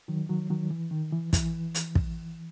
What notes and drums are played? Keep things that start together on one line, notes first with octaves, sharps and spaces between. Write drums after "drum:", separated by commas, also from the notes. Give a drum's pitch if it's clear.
D#3 F#3
D#3 F#3
D#3 F#3
E3
D#3
E3
E3, drum: kick, hi-hat
drum: hi-hat
drum: kick